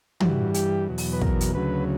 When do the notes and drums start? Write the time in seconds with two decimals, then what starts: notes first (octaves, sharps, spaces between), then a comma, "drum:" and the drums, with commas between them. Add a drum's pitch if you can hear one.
0.20 G2 E3 G3 F#4, drum: tom
0.54 G4, drum: hi-hat
0.88 E2 B2 F#3
0.98 drum: open hi-hat
1.13 B4
1.21 A#4, drum: kick
1.41 drum: hi-hat
1.55 D2 C#3 F#3 B4